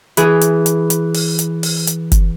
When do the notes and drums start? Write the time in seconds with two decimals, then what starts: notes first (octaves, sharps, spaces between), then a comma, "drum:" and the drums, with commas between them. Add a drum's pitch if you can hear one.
0.17 E3 G#4, drum: hi-hat
0.41 drum: hi-hat
0.66 drum: hi-hat
0.90 drum: hi-hat
1.14 drum: open hi-hat
1.39 drum: hi-hat
1.63 drum: open hi-hat
1.87 drum: hi-hat
2.12 drum: kick, hi-hat